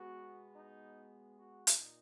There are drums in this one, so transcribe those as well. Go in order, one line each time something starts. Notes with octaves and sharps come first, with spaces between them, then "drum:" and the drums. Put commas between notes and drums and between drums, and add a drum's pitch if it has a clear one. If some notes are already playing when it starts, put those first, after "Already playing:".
Already playing: B2 G#3 B3 F#4
D#4
F#4
A#2 D#4, drum: hi-hat